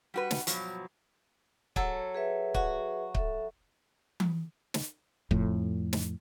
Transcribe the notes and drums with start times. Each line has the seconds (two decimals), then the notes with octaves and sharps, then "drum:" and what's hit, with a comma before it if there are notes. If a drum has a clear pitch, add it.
0.14 G3 F#4 B4
0.31 drum: snare
0.47 G2 B2 F3 F#3, drum: hi-hat
1.76 F#3 A4, drum: kick C#1
2.15 G#4 B4 E5
2.54 F#4, drum: kick C#1
3.15 A4 E5, drum: kick C#1
4.20 drum: tom E3
4.74 drum: snare
5.31 F2 A2, drum: kick C#1
5.93 drum: snare